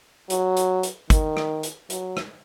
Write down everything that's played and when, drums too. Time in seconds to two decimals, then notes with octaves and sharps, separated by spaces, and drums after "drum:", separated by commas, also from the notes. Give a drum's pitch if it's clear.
0.30 F#3, drum: hi-hat
0.57 drum: hi-hat
0.83 drum: hi-hat
1.10 D#3, drum: kick, hi-hat
1.37 drum: rim click
1.63 drum: hi-hat
1.90 F#3, drum: hi-hat
2.17 drum: rim click